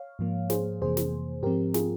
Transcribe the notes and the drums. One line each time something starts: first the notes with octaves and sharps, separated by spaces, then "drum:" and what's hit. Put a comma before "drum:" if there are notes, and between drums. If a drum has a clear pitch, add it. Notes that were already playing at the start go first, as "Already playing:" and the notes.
Already playing: C#5 F5
G#2 F3 A#3
G#4 C5, drum: snare
F2 C3 E3 A#3 G#4 C5
drum: snare
G#2 F3 C4 G4 A#4
F4 G#4, drum: snare